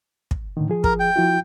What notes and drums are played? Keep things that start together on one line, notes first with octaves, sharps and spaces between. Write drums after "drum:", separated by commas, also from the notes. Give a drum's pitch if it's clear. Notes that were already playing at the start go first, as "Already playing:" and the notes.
drum: kick
A2 D3 D#3
F3 G#4
A#4, drum: kick
G5
F3 E4 F#4